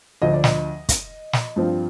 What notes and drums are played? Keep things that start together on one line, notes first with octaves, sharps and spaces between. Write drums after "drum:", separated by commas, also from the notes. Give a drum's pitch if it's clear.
D2 D3 F3 D#5
D5
D#5, drum: snare
drum: kick, hi-hat
drum: snare
G2 F3 C4 F4